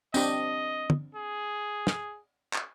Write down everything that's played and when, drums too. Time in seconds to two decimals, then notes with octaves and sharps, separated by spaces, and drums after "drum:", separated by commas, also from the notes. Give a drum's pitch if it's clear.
0.14 C4 D4 G4 D#5, drum: tambourine
0.90 drum: tom
1.15 G#4
1.87 drum: snare
2.53 drum: clap